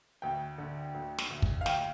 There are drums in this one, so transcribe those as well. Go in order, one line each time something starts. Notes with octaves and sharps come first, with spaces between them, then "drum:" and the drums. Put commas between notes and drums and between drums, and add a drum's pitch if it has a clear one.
D2 G5
D3
D2
drum: snare
D2
drum: kick
F5
D2 G5, drum: snare